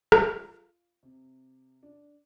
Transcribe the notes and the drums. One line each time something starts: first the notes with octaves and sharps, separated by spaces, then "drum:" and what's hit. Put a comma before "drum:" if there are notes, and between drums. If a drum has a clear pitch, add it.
F4, drum: rim click
C3
D4